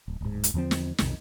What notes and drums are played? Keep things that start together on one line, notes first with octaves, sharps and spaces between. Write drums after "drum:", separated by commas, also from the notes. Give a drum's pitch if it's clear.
D1
D1 G#2
drum: hi-hat
E2 D3 F3 C4
drum: snare
B1 F2 C3 D#3, drum: snare